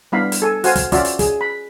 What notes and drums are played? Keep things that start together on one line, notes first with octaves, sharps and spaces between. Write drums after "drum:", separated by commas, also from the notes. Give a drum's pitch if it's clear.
G3 B3 D4 E4 F5 B5
drum: hi-hat
A4 G#5
F#4 C5 F5 G#5, drum: hi-hat
drum: kick, hi-hat
C#4 F4 F#4 D5 E5, drum: kick, hi-hat
drum: hi-hat
G#4, drum: kick, hi-hat
B5